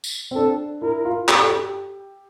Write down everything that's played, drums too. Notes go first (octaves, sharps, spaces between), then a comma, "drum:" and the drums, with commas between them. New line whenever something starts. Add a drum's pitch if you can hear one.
drum: tambourine
C4
D4 A4
E4 A#4
F4
G4, drum: clap
A4
G4